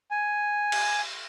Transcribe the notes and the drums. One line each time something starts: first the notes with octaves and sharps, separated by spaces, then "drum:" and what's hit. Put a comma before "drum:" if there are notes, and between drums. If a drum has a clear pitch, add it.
G#5
drum: cymbal